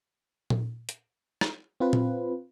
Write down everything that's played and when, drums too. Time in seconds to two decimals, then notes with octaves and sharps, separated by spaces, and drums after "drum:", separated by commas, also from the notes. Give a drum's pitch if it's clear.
0.50 drum: tom A#2
0.89 drum: hi-hat
1.41 drum: rim click
1.80 C4 F4 B4
1.93 drum: tom A#2